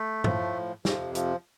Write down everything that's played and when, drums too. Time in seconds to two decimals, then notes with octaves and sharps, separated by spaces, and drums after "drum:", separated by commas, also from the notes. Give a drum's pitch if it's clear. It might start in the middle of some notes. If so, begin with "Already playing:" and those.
Already playing: A3
0.24 A2 F3, drum: tom G2
0.85 F2 C3 F3, drum: snare
1.15 F3, drum: hi-hat